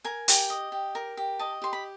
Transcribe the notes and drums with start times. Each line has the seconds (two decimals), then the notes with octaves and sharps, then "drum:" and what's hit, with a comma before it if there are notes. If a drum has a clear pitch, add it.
0.05 A#4 G#5
0.28 G4, drum: hi-hat
0.50 D#5
0.72 G4
0.95 A#4
1.17 G4
1.39 D#5 A5
1.62 G4 C6
1.73 B5